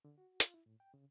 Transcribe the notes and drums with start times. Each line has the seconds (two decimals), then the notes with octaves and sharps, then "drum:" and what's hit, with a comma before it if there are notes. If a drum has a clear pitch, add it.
0.05 D3
0.18 F#4
0.40 F4, drum: hi-hat
0.54 E4
0.66 A2
0.80 G5
0.94 C#3